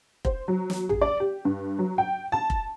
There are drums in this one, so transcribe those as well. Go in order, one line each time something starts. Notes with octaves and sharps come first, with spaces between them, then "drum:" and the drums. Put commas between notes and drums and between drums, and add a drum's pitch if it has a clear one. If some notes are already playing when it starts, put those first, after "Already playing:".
C5, drum: kick F1
F#3
drum: snare
G#4, drum: tom A1
D5
G4
G2
F#3
G5
A5
drum: kick F1